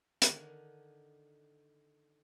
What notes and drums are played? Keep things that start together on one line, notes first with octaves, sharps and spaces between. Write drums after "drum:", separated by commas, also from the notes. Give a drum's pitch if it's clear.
D3 D#3, drum: hi-hat